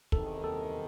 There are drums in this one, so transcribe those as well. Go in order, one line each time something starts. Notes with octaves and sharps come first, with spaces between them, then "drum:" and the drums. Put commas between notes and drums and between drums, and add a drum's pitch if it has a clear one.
E2 C3 D#3 A4, drum: kick
A4